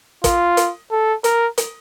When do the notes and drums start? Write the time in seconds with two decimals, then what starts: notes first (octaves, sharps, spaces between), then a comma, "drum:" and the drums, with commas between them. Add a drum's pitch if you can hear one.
0.24 F4, drum: kick, hi-hat
0.57 drum: hi-hat
0.91 A4
1.24 A#4, drum: hi-hat
1.58 drum: hi-hat